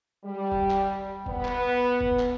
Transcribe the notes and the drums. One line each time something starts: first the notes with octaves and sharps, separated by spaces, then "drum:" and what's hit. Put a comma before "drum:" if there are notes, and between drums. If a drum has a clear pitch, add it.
G3
drum: kick F1
drum: clap
B3, drum: kick F1
drum: clap
drum: kick F1
drum: clap